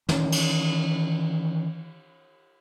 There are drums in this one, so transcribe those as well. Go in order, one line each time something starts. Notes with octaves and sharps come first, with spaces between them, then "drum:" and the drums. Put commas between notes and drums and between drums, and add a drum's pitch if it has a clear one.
D#3 E3 A3 C#4, drum: snare
drum: cymbal